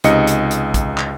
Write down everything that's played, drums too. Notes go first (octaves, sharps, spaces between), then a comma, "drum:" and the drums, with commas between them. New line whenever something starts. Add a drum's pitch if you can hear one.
C#2 C3 D#4 D#5 C#7, drum: hi-hat
drum: hi-hat
drum: hi-hat
drum: kick, hi-hat
drum: clap